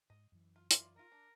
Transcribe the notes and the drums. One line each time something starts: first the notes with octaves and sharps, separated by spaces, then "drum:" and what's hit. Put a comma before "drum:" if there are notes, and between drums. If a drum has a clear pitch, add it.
G#2 D#5
F#2 E3
F4
E4 F4 D5 C6, drum: hi-hat
D#4 F4 A#4
D4